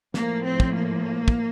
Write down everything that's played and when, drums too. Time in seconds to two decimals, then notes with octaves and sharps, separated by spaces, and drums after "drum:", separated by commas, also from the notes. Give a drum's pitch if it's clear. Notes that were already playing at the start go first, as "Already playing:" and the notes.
0.14 A2 F3 A#3, drum: snare
0.45 C4
0.60 drum: kick
0.74 A#3
1.28 drum: kick